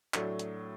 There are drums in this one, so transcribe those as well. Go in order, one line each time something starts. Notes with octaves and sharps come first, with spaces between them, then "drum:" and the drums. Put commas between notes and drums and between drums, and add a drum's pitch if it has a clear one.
A2 F#3 A3 D4, drum: clap
drum: hi-hat